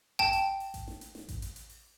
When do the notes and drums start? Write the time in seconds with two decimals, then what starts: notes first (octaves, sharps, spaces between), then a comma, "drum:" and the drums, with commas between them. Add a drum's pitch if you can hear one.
0.19 G5 A5, drum: kick A1
0.33 drum: hi-hat
0.60 drum: open hi-hat
0.74 drum: kick A1, hi-hat
0.88 drum: snare
1.01 drum: hi-hat
1.15 drum: snare
1.29 drum: kick A1, hi-hat
1.42 drum: hi-hat
1.56 drum: hi-hat
1.70 drum: open hi-hat